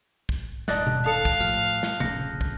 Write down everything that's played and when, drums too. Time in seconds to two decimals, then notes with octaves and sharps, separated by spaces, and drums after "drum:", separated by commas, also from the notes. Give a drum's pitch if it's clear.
0.29 drum: kick
0.68 D#1 G#2 D#4 D5 D#5 A5 F#6, drum: snare
0.87 drum: tom B2
1.06 A4 F5 D#6 C#7
1.25 drum: kick
1.40 A2 F3 F6
1.83 drum: snare
2.00 D1 A#1 C#3 G6 A#6 C#7, drum: tom C3
2.41 drum: kick